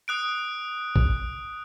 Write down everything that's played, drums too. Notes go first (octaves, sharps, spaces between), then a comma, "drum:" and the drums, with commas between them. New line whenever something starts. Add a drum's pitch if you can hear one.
D#6 F#6 D7
drum: kick